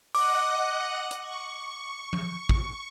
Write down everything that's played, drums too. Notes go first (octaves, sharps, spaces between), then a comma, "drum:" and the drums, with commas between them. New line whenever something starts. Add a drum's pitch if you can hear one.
D#5 F#5 D6 F#6, drum: open hi-hat
drum: hi-hat
C#6
drum: tom F3
drum: kick